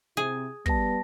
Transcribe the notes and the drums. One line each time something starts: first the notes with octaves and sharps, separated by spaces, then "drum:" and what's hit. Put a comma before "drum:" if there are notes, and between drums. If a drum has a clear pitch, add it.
C3 E4 G#4
G3 B3 A5 A#6, drum: kick